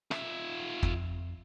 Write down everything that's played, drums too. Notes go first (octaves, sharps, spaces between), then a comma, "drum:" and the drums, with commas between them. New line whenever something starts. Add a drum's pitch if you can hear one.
F4 E5, drum: rim click
F2, drum: kick